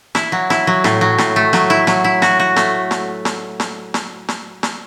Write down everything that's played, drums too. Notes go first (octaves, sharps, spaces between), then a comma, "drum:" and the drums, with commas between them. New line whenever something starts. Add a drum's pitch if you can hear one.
E4, drum: snare
F#3
E4, drum: snare
F#3
A2, drum: snare
F#3
A2, drum: snare
A3
F#3, drum: snare
E4
F#3, drum: snare
E4
F#4, drum: snare
F#4
A3, drum: snare
drum: snare
drum: snare
drum: snare
drum: snare
drum: snare
drum: snare